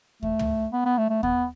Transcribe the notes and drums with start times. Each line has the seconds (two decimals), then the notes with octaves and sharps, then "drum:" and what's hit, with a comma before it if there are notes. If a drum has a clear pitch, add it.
0.23 A3, drum: kick D#2
0.39 drum: tom
0.73 B3
0.86 B3
0.98 A3
1.10 A3
1.23 B3, drum: kick D#2